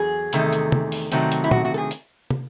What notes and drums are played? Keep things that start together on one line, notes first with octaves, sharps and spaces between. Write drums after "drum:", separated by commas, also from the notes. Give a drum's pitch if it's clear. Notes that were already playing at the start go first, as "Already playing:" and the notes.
Already playing: E2 F#3 G#4
E2 C3 D#3 A3, drum: hi-hat
drum: hi-hat
drum: tom
drum: open hi-hat
C3 D#3 F#3 A3 C4, drum: hi-hat
drum: hi-hat
E4
F#4, drum: tom
F#4
A4
G#4
drum: hi-hat
drum: tom